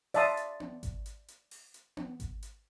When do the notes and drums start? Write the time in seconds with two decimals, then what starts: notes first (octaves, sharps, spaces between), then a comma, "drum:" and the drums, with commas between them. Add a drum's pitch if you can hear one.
0.14 D5 E5 F5 A5 C6 D#6, drum: open hi-hat
0.37 drum: hi-hat
0.60 drum: tom B3
0.83 drum: kick G#1, hi-hat
1.06 drum: hi-hat
1.28 drum: hi-hat
1.51 drum: open hi-hat
1.74 drum: hi-hat
1.97 drum: tom B3
2.20 drum: kick G#1, hi-hat
2.43 drum: hi-hat